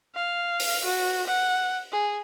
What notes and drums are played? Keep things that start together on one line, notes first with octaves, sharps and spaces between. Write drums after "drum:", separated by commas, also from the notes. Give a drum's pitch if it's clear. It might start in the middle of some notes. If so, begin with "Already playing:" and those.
F5
drum: open hi-hat
F#4
F#5
G#4